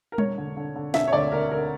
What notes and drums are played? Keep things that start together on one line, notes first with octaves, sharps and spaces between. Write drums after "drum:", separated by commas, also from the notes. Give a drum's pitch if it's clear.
A#4
E1 C#5, drum: tom G3
D3
D3
D3
E1 E5, drum: snare
C#5
D2 D5
D3 A#4
D3 A#4